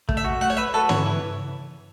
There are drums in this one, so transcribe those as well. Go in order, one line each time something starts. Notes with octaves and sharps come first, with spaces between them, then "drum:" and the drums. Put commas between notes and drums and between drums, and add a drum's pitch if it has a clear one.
A3, drum: kick
E5
F#4
A3 F#5
C#5
B4 E5
F#4 A4
E3 C#5, drum: tom
E3